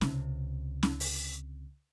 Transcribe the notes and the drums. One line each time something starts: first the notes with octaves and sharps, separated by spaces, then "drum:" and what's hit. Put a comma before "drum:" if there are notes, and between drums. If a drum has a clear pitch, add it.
C#2 C3, drum: snare C#4
drum: snare C#4
drum: open hi-hat